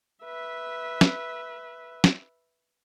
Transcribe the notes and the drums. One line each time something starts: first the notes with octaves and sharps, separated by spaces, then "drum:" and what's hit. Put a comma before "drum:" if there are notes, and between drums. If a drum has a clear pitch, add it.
B4 E5
drum: snare
drum: snare